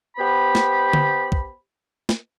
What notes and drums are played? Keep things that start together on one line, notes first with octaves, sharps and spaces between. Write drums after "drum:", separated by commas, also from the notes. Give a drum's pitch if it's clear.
B3 G4 C5 B5
drum: snare
drum: tom D3
drum: kick
drum: snare